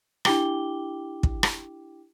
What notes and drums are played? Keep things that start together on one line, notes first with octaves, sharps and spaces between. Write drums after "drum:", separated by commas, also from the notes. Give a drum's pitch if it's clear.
D4 E4 G4 G5 D6 G7, drum: rim click
drum: kick
drum: rim click